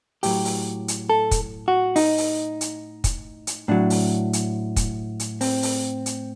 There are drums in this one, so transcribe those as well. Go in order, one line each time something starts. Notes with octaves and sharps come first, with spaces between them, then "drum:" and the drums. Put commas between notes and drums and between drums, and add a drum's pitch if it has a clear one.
A2 F#3 G4, drum: open hi-hat
drum: open hi-hat
drum: hi-hat
A4
drum: kick, hi-hat
F#4
D#4, drum: open hi-hat
drum: open hi-hat
drum: hi-hat
drum: kick, hi-hat
drum: hi-hat
A2 F#3 D4
drum: open hi-hat
drum: hi-hat
drum: kick, hi-hat
drum: hi-hat
C4, drum: open hi-hat
drum: open hi-hat
drum: hi-hat